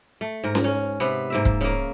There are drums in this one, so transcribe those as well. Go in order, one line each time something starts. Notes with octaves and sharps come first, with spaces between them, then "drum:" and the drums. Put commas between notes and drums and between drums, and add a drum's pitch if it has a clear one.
A3
G#2 A#4
drum: snare C#4
C#4
C3 B3 B4
G#2 A#3 E5
drum: kick
C#3 A#3